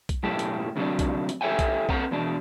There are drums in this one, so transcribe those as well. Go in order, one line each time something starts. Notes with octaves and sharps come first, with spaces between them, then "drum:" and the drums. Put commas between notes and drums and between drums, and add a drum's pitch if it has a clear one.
drum: kick B1, hi-hat
B1 F#2 A2 G4 A4
drum: hi-hat
D2 C3 E3 F#3 D4
drum: kick B1, hi-hat
drum: hi-hat
G4 A4 C#5 E5 G5 G#5
drum: kick B1, hi-hat
B3 C4 A4 F#5 A#5, drum: kick B1
E2 B2 D4